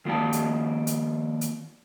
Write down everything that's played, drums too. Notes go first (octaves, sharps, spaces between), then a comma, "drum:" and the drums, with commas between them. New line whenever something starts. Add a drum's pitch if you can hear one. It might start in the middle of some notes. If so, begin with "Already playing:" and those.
D#3 F3 A#3 D5 A5
drum: hi-hat
drum: hi-hat
drum: hi-hat